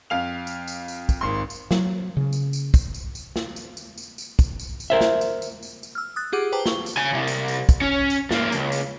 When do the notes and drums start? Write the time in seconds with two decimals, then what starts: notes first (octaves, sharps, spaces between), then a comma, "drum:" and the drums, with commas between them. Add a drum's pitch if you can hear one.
0.10 F2 F5 F7
0.47 drum: tambourine
0.68 drum: tambourine
0.88 drum: tambourine
1.09 drum: kick, tambourine
1.21 G#1 C6
1.50 drum: tambourine
1.71 F#3, drum: snare
2.17 C#3
2.33 drum: tambourine
2.53 drum: tambourine
2.74 drum: kick, tambourine
2.94 drum: tambourine
3.15 drum: tambourine
3.36 drum: snare
3.56 drum: tambourine
3.77 drum: tambourine
3.98 drum: tambourine
4.18 drum: tambourine
4.39 drum: kick, tambourine
4.59 drum: tambourine
4.80 drum: tambourine
4.90 A#4 C5 E5
5.01 drum: snare
5.21 drum: tambourine
5.42 drum: tambourine
5.63 drum: tambourine
5.83 drum: tambourine
5.95 E6 F6
6.16 D#6 F#6 A6
6.32 F4 G4 G#4 F#5 D6
6.52 B4 C5 G5 A5 A#5 D6
6.66 C#6 G7, drum: snare
6.86 drum: tambourine
6.97 C#3 G#5
7.14 C3 G3
7.27 drum: tambourine
7.48 drum: tambourine
7.69 drum: kick, tambourine
7.81 C#4
8.10 drum: tambourine
8.31 G#2 A#3, drum: snare
8.52 C#2, drum: tambourine
8.72 drum: tambourine